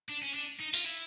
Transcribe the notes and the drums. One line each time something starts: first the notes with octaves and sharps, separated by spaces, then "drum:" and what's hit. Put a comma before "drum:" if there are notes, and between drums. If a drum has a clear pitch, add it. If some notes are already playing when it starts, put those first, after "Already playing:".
D4
C#4
D4
D#4
F4, drum: tambourine
E4